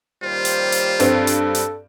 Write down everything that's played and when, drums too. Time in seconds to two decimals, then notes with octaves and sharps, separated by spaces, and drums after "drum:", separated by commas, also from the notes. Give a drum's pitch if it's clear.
0.23 D#2 G3 F4 C5
0.45 drum: hi-hat
0.72 drum: hi-hat
1.00 G2 C4 A4, drum: hi-hat
1.27 drum: hi-hat
1.55 drum: hi-hat